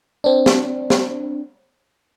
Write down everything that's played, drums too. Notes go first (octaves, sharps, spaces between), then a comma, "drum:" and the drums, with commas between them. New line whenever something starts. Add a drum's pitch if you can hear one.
C4 D4
drum: snare
drum: snare